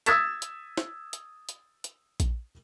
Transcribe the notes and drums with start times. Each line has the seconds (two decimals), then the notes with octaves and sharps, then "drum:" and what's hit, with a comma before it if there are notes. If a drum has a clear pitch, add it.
0.06 D#6 E6 G#6 A6 B6 E7, drum: hi-hat
0.42 drum: hi-hat
0.77 drum: snare
1.13 drum: hi-hat
1.49 drum: hi-hat
1.84 drum: hi-hat
2.20 drum: kick A#1, hi-hat